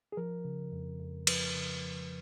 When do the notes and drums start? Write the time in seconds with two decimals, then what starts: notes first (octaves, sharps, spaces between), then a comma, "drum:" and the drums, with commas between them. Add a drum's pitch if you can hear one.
0.12 G#4
0.17 F3 A#4
0.45 C#3
0.72 F2
1.00 F2
1.27 F3 B4, drum: cymbal
1.55 C#3
1.83 F2